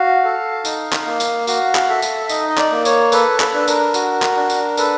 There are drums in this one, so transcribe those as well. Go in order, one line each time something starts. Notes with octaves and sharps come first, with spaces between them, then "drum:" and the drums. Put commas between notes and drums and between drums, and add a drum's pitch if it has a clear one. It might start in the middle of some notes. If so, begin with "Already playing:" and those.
Already playing: F#4 F5
A4
D#4, drum: tambourine
drum: clap
A#3
drum: tambourine
F#4 F5, drum: tambourine
drum: clap
A4 E5
drum: tambourine
E5
D#4 D#5, drum: tambourine
D#5
D5, drum: clap
A#3
C#5, drum: tambourine
A4 B4, drum: tambourine
B4, drum: clap
D4
A4
A#4, drum: tambourine
F#4, drum: tambourine
drum: clap
D4
drum: tambourine
A4 B4, drum: tambourine